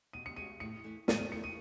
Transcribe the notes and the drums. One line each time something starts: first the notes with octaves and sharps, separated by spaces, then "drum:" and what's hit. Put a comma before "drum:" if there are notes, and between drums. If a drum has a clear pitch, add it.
B2 D#7
C#7
G#3 C#4 F#4 D#7
A2 C#7
E3 A3 E4
A2 D#7, drum: snare
D#7
E3 A3 E4 C#7
D#7